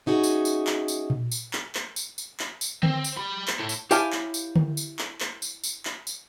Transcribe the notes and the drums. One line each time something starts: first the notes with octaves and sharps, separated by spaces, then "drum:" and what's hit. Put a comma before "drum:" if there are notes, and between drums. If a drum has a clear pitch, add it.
C#4 D#4 F#4 G#4 E5
drum: tambourine
drum: tambourine
drum: clap
drum: tambourine
drum: tom A#2
drum: tambourine
drum: clap
drum: clap
drum: tambourine
drum: tambourine
drum: clap
drum: tambourine
C4, drum: tom D3
drum: tambourine
G4 B5
drum: clap
A3 E4
drum: tambourine
E4 G4 C#5 F5 G#5 A5, drum: tambourine
drum: clap
drum: tambourine
drum: tom D3
drum: tambourine
drum: clap
drum: clap
drum: tambourine
drum: tambourine
drum: clap
drum: tambourine